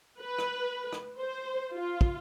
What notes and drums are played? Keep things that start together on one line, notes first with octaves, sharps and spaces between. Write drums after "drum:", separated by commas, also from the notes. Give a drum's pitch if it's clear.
B4
drum: rim click
drum: rim click
C5
F4
drum: kick